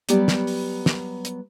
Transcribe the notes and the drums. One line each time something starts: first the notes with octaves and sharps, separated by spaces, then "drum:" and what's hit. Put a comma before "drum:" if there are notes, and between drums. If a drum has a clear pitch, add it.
F#3 G3 B3 G4 D5, drum: hi-hat
drum: snare
drum: open hi-hat
drum: snare
drum: hi-hat